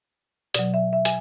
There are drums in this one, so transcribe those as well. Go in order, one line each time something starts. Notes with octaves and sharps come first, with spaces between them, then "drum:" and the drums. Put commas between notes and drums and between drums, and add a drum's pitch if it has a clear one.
B2 F#3 D5, drum: hi-hat
E5
E5
G#5, drum: hi-hat